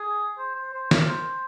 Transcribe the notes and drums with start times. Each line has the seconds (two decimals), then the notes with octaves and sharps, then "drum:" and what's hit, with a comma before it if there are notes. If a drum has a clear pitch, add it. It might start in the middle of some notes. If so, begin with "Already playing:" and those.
Already playing: G#4
0.38 C5
0.55 C5
0.74 C5
0.91 A#4, drum: snare
1.09 C5